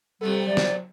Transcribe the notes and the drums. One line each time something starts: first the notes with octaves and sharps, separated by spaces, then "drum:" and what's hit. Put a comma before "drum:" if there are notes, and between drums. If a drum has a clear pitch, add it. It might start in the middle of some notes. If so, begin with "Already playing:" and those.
C3 G3 A3 B3 A4
F#3 D5
drum: snare